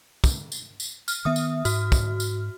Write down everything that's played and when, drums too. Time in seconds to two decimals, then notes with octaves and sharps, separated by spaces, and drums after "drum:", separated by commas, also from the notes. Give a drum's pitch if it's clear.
0.24 drum: kick, tambourine
0.52 drum: tambourine
0.80 drum: tambourine
1.08 F6, drum: tambourine
1.25 D#3 B3 E5 D#6
1.36 drum: tambourine
1.65 G#2 F#4 F6, drum: tambourine
1.92 drum: kick, tambourine
2.20 drum: tambourine